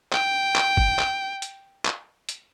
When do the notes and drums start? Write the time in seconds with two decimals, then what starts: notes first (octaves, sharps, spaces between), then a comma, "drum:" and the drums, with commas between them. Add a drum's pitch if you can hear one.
0.13 G5, drum: clap
0.56 drum: clap
0.77 drum: kick
0.99 drum: clap
1.42 drum: hi-hat
1.85 drum: clap
2.29 drum: hi-hat